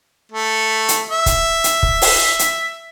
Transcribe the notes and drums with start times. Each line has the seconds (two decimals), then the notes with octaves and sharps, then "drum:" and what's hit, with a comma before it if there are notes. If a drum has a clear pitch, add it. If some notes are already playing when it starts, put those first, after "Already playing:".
0.32 A3
0.88 drum: hi-hat
1.10 E5
1.26 drum: kick C#1, hi-hat
1.64 drum: hi-hat
1.83 drum: kick C#1
2.02 drum: open hi-hat
2.39 drum: hi-hat